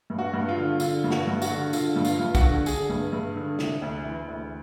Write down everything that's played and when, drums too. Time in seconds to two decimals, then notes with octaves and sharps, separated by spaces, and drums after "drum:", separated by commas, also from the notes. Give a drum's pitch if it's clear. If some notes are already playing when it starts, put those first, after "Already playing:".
0.10 G2
0.18 F#4
0.33 G2
0.49 F4
0.56 D3
0.80 D3 F4, drum: tambourine
1.04 G2
1.11 F#4, drum: snare
1.27 G2
1.42 F#4, drum: tambourine
1.50 D3
1.73 D3 F4, drum: tambourine
1.96 G2
2.05 F4, drum: tambourine
2.20 G2
2.35 F#4, drum: kick B1, tambourine
2.42 D3
2.66 D3 G#4, drum: tambourine
2.90 G2
3.12 G2
3.36 D3
3.59 C3, drum: snare
3.82 D2
4.05 E3
4.28 D2